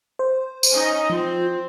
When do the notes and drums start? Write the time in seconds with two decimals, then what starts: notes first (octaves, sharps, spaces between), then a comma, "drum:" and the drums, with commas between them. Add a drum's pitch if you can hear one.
0.19 C5
0.63 drum: tambourine
0.72 C#4 D#4 D#5
1.10 F3 C4 F4